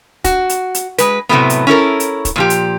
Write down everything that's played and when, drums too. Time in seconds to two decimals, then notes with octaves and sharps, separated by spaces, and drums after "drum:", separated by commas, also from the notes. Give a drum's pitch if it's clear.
0.24 F#4, drum: kick, hi-hat
0.49 drum: hi-hat
0.75 drum: hi-hat
0.98 G#3 B4, drum: hi-hat
1.29 A2 C3 F#3 G3 A3 B3
1.50 drum: hi-hat
1.67 C#4 E4 A4 A#4
2.00 drum: hi-hat
2.25 drum: kick, hi-hat
2.36 A#2 F3 G4
2.50 drum: hi-hat